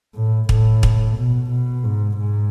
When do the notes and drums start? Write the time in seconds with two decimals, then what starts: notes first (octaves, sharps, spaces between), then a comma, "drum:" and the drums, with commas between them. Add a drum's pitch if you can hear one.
0.15 A2
0.49 A2, drum: kick
0.83 drum: kick
1.17 B2
1.51 B2
1.84 G#2
2.18 G#2